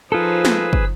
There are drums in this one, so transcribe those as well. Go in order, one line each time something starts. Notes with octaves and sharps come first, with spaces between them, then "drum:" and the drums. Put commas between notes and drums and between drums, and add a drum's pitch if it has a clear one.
F3 D#4 F4 G#4 A4 B4 C5 E6
drum: snare
drum: kick